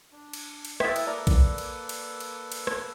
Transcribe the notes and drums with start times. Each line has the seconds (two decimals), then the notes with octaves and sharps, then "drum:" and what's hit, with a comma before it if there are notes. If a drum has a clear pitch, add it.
0.12 D4
0.33 drum: cymbal
0.65 drum: cymbal
0.80 A#3 E4 A4 B4 E5 G5 D#6 A6, drum: rim click
0.96 drum: cymbal
1.07 A#4 D5
1.27 drum: kick A#1, cymbal
1.58 drum: cymbal
1.89 drum: cymbal
2.20 drum: cymbal
2.52 drum: cymbal
2.67 drum: rim click